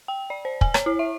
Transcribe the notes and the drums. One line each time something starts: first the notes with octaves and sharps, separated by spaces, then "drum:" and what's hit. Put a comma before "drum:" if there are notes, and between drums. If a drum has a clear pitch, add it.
G5
D5
C5
G#5, drum: kick
C#5, drum: rim click
E4
E5